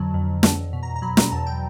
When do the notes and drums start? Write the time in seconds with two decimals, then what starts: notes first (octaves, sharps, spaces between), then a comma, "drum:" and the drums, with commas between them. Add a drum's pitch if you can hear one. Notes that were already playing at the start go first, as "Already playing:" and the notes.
Already playing: F2 D3 F#3 A5 A#5
0.14 F2
0.43 E2 A5, drum: snare
0.73 B2
0.83 A#5
0.96 A#5
1.02 F#3 B5
1.17 A#5, drum: snare
1.32 E2 A5
1.47 G5